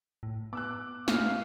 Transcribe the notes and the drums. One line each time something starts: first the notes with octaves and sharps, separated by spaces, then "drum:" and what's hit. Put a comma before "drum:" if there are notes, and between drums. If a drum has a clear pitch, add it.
A2
B3 D6 E6 F#6
A#2 F5, drum: snare